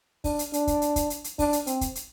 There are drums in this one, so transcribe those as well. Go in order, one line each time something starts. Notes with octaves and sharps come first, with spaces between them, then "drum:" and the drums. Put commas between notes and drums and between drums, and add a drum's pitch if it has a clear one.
D4, drum: kick, open hi-hat
drum: hi-hat
D4, drum: hi-hat
drum: kick, hi-hat
drum: hi-hat
drum: kick, hi-hat
drum: hi-hat
drum: hi-hat
D4, drum: kick, open hi-hat
drum: hi-hat
C4, drum: hi-hat
drum: kick, hi-hat
drum: hi-hat